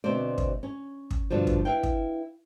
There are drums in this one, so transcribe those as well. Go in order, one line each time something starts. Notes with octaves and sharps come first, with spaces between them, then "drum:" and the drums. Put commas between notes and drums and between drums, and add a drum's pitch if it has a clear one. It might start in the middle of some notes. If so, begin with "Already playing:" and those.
D2 B2 B3 C4 C5 D5
drum: kick
C#4 C#5
drum: kick
G2 B2 D3 F3
drum: kick
E4 B4 F5 G5
drum: kick